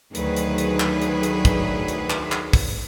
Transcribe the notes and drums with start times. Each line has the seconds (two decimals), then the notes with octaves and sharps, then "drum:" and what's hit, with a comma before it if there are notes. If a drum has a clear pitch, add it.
0.15 D2 D#3 F#3 G#4 B4, drum: hi-hat
0.36 drum: hi-hat
0.58 drum: hi-hat
0.80 drum: clap
1.02 drum: hi-hat
1.23 drum: hi-hat
1.45 drum: kick, hi-hat
1.88 drum: hi-hat
2.10 drum: clap
2.32 drum: clap
2.53 drum: kick, open hi-hat